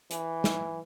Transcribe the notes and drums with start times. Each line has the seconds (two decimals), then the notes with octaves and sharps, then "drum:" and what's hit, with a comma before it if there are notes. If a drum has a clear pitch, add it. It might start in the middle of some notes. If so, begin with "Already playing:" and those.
0.11 E3, drum: hi-hat
0.44 drum: snare